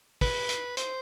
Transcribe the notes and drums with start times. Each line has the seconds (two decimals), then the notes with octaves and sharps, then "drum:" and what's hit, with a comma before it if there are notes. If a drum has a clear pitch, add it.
0.21 B4, drum: kick, open hi-hat
0.49 drum: hi-hat
0.77 C5, drum: hi-hat